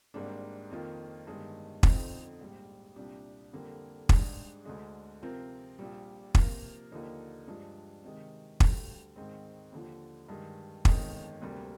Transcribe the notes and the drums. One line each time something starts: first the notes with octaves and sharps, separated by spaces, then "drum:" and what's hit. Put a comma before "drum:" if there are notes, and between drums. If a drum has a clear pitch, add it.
G#1 G#2 G3 A#3 D4
F2 D#3 A#3 F4
G1 G2 D#3 G#3
F2 D3 F3 C4 D#4, drum: kick
A#1 G#2 G3
C2 A#2 G3 D4 G4
F2 D3 G3 A#3
G#2 G3 D4 G#4, drum: kick
D2 D3 G#3
C3 F3 C4 F4 A#4
A#1 A#2 G3
C3 F3 A#3 F4 A#4, drum: kick
D#2 D3 F3 A#3 D#4
G2 F3 G#3 D4
C3 D#3 G#3
D2 D3 G3, drum: kick
G#2 D#3 G#3 C4
D#2 D3 F3
G2 D#3 G#3
G1 F2 D#3 G#3, drum: kick
D2 C3 G3 A#3